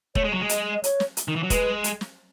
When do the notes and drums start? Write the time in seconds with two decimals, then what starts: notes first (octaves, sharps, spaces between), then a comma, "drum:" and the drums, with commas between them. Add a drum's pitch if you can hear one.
0.15 A3 C#5, drum: kick E1
0.24 G#3
0.32 F#3
0.40 G#3
0.49 D#5, drum: hi-hat
0.74 D#5
0.84 C#5, drum: hi-hat
1.00 drum: snare
1.17 drum: hi-hat
1.28 D#3
1.36 E3
1.43 F#3
1.50 G#3 B4, drum: kick E1, hi-hat
1.84 drum: hi-hat
2.01 drum: snare